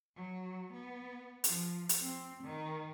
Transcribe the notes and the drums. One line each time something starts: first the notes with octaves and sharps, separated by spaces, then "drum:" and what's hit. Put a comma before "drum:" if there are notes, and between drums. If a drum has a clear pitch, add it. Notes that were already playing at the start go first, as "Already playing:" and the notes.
F#3
B3
F3, drum: hi-hat
drum: hi-hat
C4
D#3